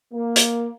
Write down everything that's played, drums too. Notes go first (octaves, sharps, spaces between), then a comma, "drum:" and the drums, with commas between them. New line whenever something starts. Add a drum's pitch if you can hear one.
A#3
drum: hi-hat